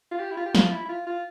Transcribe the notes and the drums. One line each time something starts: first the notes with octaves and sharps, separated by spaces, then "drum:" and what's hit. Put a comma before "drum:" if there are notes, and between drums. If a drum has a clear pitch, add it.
F4
G4
E4
F4
G4
F4, drum: snare
E4
E4
F4
F4